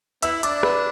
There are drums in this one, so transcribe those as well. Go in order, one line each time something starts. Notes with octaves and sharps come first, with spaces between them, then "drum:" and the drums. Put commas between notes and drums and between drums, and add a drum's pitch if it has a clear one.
B3 E4 E5 E6, drum: hi-hat
D4 D5 D6, drum: hi-hat
B3 D4 B4 B5, drum: rim click